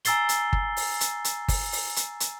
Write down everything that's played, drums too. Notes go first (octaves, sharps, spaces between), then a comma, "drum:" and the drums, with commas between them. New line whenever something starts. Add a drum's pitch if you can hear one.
G#5 A#5 E6 A6 C7 G7, drum: hi-hat
drum: hi-hat
drum: kick G1
drum: open hi-hat
drum: hi-hat
drum: hi-hat
drum: kick G1, open hi-hat
drum: open hi-hat
drum: hi-hat
drum: hi-hat